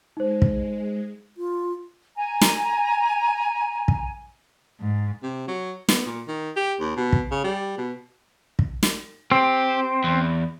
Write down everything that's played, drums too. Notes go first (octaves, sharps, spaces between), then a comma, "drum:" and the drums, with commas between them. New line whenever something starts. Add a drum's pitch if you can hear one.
G#3 D#4 C5
drum: kick
F4
G#5 A#5
drum: snare
drum: kick
G#2
C3
F#3
B3, drum: snare
A#2
D#3
G4
D#2
B2
drum: kick
C#3
G3
B2
drum: kick
drum: snare
C4 G4
E2